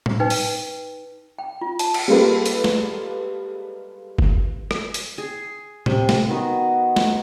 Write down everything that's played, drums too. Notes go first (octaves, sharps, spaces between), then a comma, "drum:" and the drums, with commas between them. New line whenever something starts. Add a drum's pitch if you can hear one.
drum: tom A2
D#4 B4 G5
drum: open hi-hat
G5
F4
A5, drum: hi-hat
drum: cymbal
G3 G#3 A#3 F4 A4 B4
drum: hi-hat
drum: snare
drum: kick F#1
drum: rim click
drum: hi-hat
G#4
C3, drum: tom A2
drum: snare
D#3 B3 F#4 D#5
drum: snare